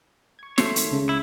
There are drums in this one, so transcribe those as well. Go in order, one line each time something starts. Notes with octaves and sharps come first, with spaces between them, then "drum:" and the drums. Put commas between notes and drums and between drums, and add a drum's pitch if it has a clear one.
C#6 G#6
A3 C5 C#5, drum: snare
D#3, drum: hi-hat
C#2 C#3
E4